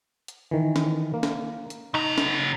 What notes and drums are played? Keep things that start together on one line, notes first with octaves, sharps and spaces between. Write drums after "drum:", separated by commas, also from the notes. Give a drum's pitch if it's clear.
drum: hi-hat
D#3 E3
drum: snare
A#3
drum: snare
drum: hi-hat
C#3 D#4 A#5
drum: snare